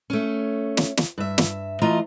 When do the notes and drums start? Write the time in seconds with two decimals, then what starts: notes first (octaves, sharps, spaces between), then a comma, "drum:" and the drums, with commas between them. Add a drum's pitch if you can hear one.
0.10 A3 C#4
0.77 drum: snare
0.97 drum: snare
1.18 G2 E5
1.38 drum: snare
1.82 E3 A3 F4 D#5 A#5